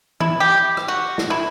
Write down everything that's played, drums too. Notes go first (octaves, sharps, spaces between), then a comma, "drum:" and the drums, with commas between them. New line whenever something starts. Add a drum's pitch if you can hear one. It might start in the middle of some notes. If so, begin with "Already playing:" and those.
E4, drum: tom E3
G4
drum: rim click
F#4
drum: snare
E4